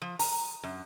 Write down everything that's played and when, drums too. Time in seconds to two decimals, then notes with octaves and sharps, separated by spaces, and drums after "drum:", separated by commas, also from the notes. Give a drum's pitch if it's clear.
0.02 F3
0.19 A#5, drum: open hi-hat
0.63 F#2